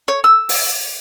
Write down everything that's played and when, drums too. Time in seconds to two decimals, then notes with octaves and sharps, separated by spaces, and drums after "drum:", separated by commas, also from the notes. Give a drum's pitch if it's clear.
0.08 C#5
0.24 E6
0.49 drum: open hi-hat